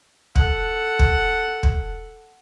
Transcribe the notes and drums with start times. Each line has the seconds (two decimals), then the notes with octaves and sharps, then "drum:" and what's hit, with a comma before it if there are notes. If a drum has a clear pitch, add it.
0.35 A4 F#5, drum: kick
0.99 drum: kick
1.63 drum: kick